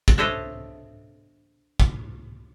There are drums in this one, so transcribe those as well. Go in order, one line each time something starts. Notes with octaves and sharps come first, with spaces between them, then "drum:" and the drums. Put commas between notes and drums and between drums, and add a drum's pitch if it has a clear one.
drum: kick
D4 A4 C5 C#5 D#5 E5
drum: kick